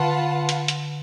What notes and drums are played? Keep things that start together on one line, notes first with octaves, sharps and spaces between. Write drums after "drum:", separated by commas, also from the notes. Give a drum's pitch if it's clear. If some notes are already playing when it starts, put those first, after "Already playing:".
Already playing: D3 F4 B4 F#5 A5
drum: hi-hat
drum: hi-hat